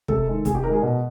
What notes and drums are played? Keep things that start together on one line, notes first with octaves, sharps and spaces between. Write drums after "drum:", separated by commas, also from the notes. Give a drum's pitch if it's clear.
C3 A4, drum: kick
D#3 G#3
C3 G#4, drum: kick, hi-hat
G4
D#3 G#3 A#4
G#4
B2